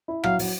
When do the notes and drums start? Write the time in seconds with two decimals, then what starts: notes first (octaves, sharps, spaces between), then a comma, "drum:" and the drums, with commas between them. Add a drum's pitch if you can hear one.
0.08 E4
0.24 F#3 F5, drum: rim click
0.39 F#3, drum: open hi-hat